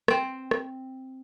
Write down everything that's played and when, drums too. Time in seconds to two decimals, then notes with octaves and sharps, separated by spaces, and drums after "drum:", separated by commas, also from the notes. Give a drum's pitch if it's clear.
0.08 C4 C5, drum: rim click
0.51 drum: rim click